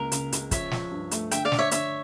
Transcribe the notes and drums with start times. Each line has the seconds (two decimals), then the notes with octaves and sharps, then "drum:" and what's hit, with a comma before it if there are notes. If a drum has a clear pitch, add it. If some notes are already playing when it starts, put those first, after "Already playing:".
Already playing: C#2 A#3 A#4
0.12 C#3, drum: hi-hat
0.32 C#2, drum: hi-hat
0.51 F3 C#5 E5, drum: kick, hi-hat
0.71 F3, drum: snare
0.91 G2
1.11 A3, drum: hi-hat
1.31 D3 E5 G5, drum: hi-hat
1.45 D5 F5
1.52 D3, drum: snare
1.58 C#5 E5
1.71 D3 C#5 E5, drum: hi-hat